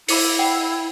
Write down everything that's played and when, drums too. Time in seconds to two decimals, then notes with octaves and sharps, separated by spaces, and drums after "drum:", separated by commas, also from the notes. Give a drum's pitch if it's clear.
0.08 E4 B5 D6 C#7, drum: open hi-hat
0.39 F#5 G5